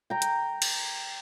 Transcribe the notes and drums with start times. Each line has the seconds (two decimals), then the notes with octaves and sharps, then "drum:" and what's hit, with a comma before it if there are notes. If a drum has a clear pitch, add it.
0.10 G5 A#5
0.22 drum: hi-hat
0.62 drum: cymbal